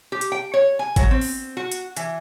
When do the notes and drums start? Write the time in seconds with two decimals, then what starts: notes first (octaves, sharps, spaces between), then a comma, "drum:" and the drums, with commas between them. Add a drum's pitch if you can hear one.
0.12 G4
0.21 drum: hi-hat
0.32 G5
0.54 C#5
0.79 G#5
0.96 F#3, drum: kick G#1, hi-hat
1.11 C4
1.21 drum: open hi-hat
1.57 F#4
1.72 drum: hi-hat
1.97 E3, drum: hi-hat